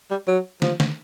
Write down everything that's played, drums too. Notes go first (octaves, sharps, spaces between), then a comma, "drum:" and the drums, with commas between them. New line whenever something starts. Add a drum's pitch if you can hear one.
G3
F#3
F3, drum: snare
drum: snare